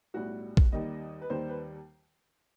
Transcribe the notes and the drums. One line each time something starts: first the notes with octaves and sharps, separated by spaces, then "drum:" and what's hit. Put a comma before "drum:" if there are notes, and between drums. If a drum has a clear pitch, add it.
B1 A2 G3 F#4
drum: kick
D#2 D#3 G3 D#5
B4
D#2 D#3 G3 C5
B4